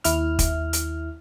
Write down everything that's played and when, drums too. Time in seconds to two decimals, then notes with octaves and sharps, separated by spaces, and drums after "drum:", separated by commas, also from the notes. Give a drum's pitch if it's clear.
0.04 D#2 E4 F6, drum: hi-hat
0.39 drum: kick, hi-hat
0.73 drum: hi-hat